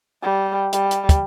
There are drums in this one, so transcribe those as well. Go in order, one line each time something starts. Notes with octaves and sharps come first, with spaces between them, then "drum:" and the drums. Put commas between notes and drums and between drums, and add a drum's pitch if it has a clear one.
G3
G3, drum: hi-hat
drum: hi-hat
drum: kick, hi-hat